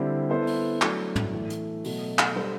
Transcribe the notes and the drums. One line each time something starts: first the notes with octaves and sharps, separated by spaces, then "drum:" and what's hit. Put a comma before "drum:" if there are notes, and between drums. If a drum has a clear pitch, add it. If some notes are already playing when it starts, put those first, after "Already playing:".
Already playing: D3 G3 C4 E4 G4
B3 E4 A4 C5
drum: open hi-hat
F#3 A3 D4, drum: clap
drum: tom
A2 E3 A3
drum: hi-hat
B2 F#3 A3, drum: open hi-hat
drum: clap
G3 D4 A4 C5